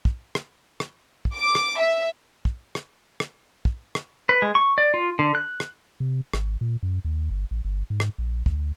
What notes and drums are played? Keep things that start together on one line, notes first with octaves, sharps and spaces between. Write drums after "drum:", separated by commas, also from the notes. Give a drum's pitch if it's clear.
drum: kick
drum: rim click
drum: rim click
drum: kick
D6
drum: rim click
E5
drum: kick
drum: rim click
drum: rim click
drum: kick
drum: rim click
B4
G#3
C#6
D5
F4
D3
F#6
drum: rim click
C3
G#1, drum: rim click
A#2
F#2
D#2
G1
A1
G1
G#2
drum: rim click
A#1
D2, drum: kick